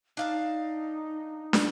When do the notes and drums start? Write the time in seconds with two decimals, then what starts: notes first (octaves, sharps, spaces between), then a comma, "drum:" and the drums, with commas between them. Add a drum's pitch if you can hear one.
0.17 D4 D#4 F5 A5
1.53 drum: snare